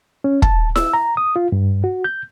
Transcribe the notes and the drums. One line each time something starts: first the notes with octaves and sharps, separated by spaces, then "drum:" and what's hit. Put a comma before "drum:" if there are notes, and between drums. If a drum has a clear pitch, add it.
C#4
A5, drum: kick
E6, drum: snare E4
A#5
D#6
F4
G2
F#4
G6